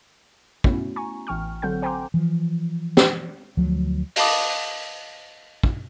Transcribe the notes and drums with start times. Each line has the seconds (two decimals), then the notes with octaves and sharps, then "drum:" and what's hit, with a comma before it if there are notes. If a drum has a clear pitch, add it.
0.64 A3 B3 C#4 E4 F#4, drum: kick
0.96 G#5 A#5 C#6
1.27 A1 E3 G5 C#6 F6
1.62 D3 F#3 C4 A4 F#5 G6
1.82 C5 G5 G#5 A#5 C6 D6
2.14 E3 F3
2.97 drum: snare
3.57 D2 F3 F#3
4.16 D#5 F5 A5 B5 D6 D#6, drum: open hi-hat
5.63 drum: kick